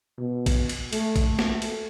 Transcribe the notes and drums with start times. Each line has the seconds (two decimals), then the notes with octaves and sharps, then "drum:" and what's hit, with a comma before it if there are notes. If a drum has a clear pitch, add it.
0.18 B2
0.46 drum: kick, cymbal
0.69 drum: cymbal
0.93 A3, drum: cymbal
1.16 drum: kick, cymbal
1.39 drum: snare
1.62 drum: cymbal